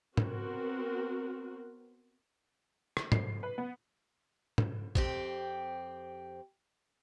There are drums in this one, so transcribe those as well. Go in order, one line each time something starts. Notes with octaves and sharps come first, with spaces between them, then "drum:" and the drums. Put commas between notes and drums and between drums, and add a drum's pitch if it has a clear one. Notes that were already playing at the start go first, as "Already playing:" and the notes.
B3 C4 F#4 A#4, drum: tom G#2
drum: rim click
C7, drum: tom G#2
B4
B3
drum: tom G#2
F2 C4 G4, drum: kick